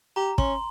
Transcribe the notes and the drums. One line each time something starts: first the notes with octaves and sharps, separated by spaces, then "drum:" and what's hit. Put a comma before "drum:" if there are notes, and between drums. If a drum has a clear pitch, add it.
G4 A#5
C#4 C6, drum: kick